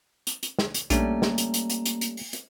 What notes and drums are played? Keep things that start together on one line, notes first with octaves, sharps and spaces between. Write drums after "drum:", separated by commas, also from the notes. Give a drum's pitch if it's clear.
drum: hi-hat
drum: hi-hat
drum: snare
drum: hi-hat
A#1 G3 A3 A#3 C#4 D4, drum: hi-hat
drum: snare
drum: hi-hat
drum: hi-hat
drum: hi-hat
drum: hi-hat
drum: hi-hat
drum: open hi-hat
drum: hi-hat